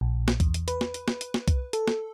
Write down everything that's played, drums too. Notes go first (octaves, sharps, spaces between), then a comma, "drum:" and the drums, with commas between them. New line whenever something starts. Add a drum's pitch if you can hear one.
A#1
drum: snare
E2, drum: kick C2, hi-hat
drum: hi-hat
B4, drum: hi-hat
drum: snare
drum: hi-hat
drum: snare
drum: hi-hat
drum: snare
drum: kick C2, hi-hat
A4, drum: hi-hat
drum: snare